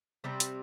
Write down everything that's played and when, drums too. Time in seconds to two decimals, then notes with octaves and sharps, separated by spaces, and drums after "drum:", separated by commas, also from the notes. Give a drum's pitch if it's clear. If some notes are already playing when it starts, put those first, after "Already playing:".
0.24 C3 G3 C4
0.40 drum: hi-hat